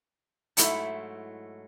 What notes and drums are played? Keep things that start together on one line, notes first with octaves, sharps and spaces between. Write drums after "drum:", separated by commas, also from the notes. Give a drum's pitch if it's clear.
G#2 F#3 A3 E4, drum: hi-hat